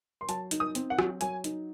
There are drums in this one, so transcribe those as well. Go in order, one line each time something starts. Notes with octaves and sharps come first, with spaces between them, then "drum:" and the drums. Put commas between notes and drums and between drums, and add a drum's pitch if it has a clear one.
C6
F#3 A5, drum: hi-hat
D#4, drum: hi-hat
D#6
C4, drum: hi-hat
F#5
F#3, drum: rim click
F#3 G#5, drum: hi-hat
D#4, drum: hi-hat